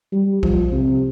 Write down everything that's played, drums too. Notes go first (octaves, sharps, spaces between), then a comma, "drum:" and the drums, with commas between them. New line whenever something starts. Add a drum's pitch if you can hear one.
G3
F3, drum: kick
C3